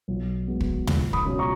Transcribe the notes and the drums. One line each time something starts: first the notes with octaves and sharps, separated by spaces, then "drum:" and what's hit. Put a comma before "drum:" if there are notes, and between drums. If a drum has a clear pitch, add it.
B1
B2 G#3 B3
drum: kick
C#2, drum: tom
B5 D#6, drum: kick
B2 F#3 C#4
A#5 C#6